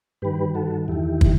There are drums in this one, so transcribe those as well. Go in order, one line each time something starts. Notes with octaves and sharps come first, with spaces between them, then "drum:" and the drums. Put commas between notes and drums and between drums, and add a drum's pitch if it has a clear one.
G2 D#3 G4 B4
F#4 A4
E2 D#3 E4 G4
drum: kick